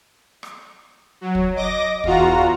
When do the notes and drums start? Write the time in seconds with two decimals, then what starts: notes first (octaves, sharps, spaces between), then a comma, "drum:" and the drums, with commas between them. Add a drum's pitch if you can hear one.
0.43 drum: rim click
1.21 F#3
1.35 drum: kick
1.56 D#5 D6 A#6
2.04 E2 F4 F#4 A#5, drum: kick